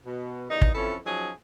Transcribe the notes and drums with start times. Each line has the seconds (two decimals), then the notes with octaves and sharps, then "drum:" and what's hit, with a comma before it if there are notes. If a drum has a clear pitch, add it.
0.05 B2
0.50 E2 G2 D#4
0.61 drum: kick
0.74 F2 E3 C#4 E4 A4
1.06 F3 F#3 C#4 D#4 G#4